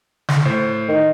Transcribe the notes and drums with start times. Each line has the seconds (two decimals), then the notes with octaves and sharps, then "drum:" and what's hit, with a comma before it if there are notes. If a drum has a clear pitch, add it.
0.29 drum: snare
0.45 A2 C5
0.88 D#3